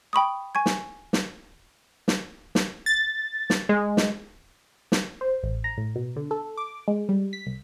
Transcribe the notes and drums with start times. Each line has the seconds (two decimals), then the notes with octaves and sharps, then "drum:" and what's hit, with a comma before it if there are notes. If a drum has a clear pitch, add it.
0.13 G5 B5 C#6 D#6
0.55 G#5 C#6 G#6
0.66 drum: snare
1.13 drum: snare
2.08 drum: snare
2.55 drum: snare
2.86 A6
3.50 drum: snare
3.69 G#3
3.97 drum: snare
4.92 drum: snare
5.21 C5
5.43 A1
5.64 A#5
5.77 A2
5.96 B2
6.16 D3
6.31 A4
6.57 D6
6.88 G#3
7.09 G3
7.33 B6
7.46 C2